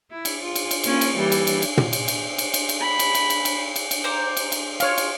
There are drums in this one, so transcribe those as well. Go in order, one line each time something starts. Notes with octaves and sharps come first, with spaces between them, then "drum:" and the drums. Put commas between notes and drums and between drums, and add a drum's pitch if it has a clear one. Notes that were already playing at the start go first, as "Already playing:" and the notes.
E4
drum: cymbal
F4
drum: cymbal
drum: cymbal
A#3 C#4 F4, drum: cymbal
drum: cymbal
E3 G3 A#3
drum: cymbal
drum: cymbal
drum: cymbal
drum: tom
drum: cymbal
drum: cymbal
drum: cymbal
drum: cymbal
drum: cymbal
B5
drum: cymbal
drum: cymbal
drum: cymbal
drum: cymbal
drum: cymbal
drum: cymbal
C5 A#5 D6
drum: cymbal
drum: cymbal
F4 C#5 F5, drum: cymbal
drum: cymbal